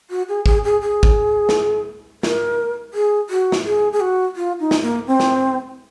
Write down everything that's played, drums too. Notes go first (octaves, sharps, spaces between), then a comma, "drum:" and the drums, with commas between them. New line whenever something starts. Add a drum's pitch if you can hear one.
F#4
G#4
G#4, drum: kick
G#4
G#4
drum: kick
drum: snare
A#4, drum: snare
G#4
F#4
drum: snare
G#4
G#4
F#4
F4
D#4
drum: snare
A#3
C4
drum: snare